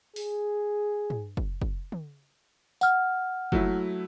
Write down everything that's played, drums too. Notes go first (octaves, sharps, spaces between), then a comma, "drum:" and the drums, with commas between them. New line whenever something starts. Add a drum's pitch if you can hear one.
G#4, drum: open hi-hat
drum: tom
drum: kick
drum: kick
drum: tom
F#5 F6, drum: tambourine
F#3 A3 E4, drum: kick